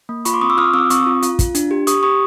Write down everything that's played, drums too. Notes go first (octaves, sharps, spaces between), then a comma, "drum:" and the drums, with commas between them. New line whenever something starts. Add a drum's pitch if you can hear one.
A#3
F4 B5 C#6, drum: hi-hat
C6 D6
C4 C#6 D#6
D6 E6
F4 D#6 F6
C4 D6 E6
C4 C#6 D#6, drum: hi-hat
F4
F4, drum: hi-hat
F4, drum: kick, hi-hat
D4, drum: hi-hat
G4
G4 C#6 D#6, drum: hi-hat
G4 C#6 D#6